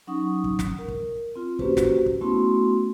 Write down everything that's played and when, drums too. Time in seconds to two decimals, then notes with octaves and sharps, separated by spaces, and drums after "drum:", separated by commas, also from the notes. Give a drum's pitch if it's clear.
0.07 F#3 C#4 D#4 F#5 C#6 D#6
0.44 drum: kick
0.59 drum: snare
0.79 A#4
0.88 drum: kick
1.36 C4 F4
1.59 A#3 C#4 F#4 G4 B4 C5, drum: kick
1.77 drum: snare
2.06 drum: kick
2.21 A3 B3 C#4 E4 F#4 C6